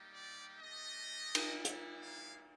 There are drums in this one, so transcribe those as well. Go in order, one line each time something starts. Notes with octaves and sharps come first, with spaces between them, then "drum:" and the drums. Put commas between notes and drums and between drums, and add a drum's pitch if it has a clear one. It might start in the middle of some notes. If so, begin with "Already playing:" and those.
Already playing: G3 A#3 D#4 G4
D5
A3 D4 G4 D#5
drum: cymbal
G3 B3 E4
drum: hi-hat
F5